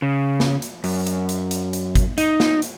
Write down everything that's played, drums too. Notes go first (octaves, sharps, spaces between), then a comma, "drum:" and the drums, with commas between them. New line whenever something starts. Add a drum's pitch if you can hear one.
C#3
drum: snare
drum: hi-hat
F#2, drum: open hi-hat
drum: hi-hat
drum: hi-hat
drum: hi-hat
drum: hi-hat
drum: kick, hi-hat
D#4, drum: hi-hat
drum: snare
drum: hi-hat